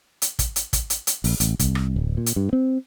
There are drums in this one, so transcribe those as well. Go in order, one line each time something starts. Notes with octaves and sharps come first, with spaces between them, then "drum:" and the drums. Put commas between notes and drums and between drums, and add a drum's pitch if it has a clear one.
drum: hi-hat
drum: kick, hi-hat
drum: hi-hat
drum: kick, hi-hat
drum: hi-hat
drum: hi-hat
A#1, drum: open hi-hat
A1, drum: hi-hat
C2, drum: kick, hi-hat
drum: rim click
D1
A#2
drum: hi-hat
G2
C4